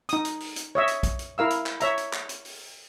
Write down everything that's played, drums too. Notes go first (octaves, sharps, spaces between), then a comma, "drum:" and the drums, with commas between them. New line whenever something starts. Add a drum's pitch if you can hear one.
D#4 D#6, drum: hi-hat
drum: hi-hat
drum: open hi-hat
drum: hi-hat
C#5 D#5 E5
drum: hi-hat
drum: kick, hi-hat
drum: hi-hat
E4 A#4 F5 E6
drum: hi-hat
drum: clap
C#5 E5 A#5, drum: hi-hat
drum: hi-hat
drum: clap
drum: hi-hat
drum: open hi-hat